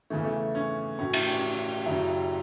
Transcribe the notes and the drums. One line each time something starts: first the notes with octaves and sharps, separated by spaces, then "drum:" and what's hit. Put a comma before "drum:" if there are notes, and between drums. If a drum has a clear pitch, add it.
E2 C#3 E3 A3
A3
C#4
A2 F#3 C#4
E4, drum: cymbal
C#4
F#2 C#3 F#3 E4